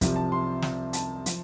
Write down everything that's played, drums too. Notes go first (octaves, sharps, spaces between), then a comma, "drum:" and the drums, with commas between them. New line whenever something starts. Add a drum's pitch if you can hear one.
C2 C3 F3, drum: kick, hi-hat
A5
C6
drum: snare
A5, drum: hi-hat
F3, drum: hi-hat